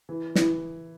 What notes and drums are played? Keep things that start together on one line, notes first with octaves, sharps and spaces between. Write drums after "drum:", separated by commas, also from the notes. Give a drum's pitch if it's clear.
E3
E3 E4, drum: snare